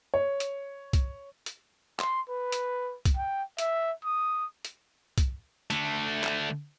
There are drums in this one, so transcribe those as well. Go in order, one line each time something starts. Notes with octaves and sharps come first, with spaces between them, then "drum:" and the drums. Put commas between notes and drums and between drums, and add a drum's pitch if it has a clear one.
C#5
drum: hi-hat
drum: kick C2, hi-hat
drum: hi-hat
C6, drum: clap
B4
drum: hi-hat
drum: kick C2, hi-hat
G5
E5, drum: hi-hat
D#6
drum: hi-hat
drum: kick C2, hi-hat
D3 A3, drum: hi-hat
drum: clap